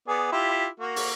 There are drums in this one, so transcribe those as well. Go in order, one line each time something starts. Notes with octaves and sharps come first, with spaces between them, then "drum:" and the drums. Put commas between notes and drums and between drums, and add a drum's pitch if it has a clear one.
B3 G#4 D5
E4 F4 G4
A#3 F#4
drum: open hi-hat